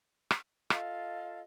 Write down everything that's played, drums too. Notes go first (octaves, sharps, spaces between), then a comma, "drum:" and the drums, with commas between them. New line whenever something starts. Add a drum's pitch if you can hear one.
drum: rim click
F4 A4 D#5 F5, drum: rim click